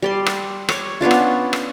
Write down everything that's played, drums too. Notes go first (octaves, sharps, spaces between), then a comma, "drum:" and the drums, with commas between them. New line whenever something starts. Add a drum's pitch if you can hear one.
G3 D5 C6
drum: rim click
C#5 D6, drum: rim click
B3 C#4 D4 F4
drum: rim click
drum: rim click